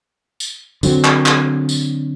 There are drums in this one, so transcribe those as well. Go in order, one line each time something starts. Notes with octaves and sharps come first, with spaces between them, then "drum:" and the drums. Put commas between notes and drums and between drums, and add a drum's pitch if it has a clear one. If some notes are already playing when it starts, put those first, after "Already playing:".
drum: tambourine
D3 F#3 C4, drum: tambourine
drum: clap
drum: clap
drum: tambourine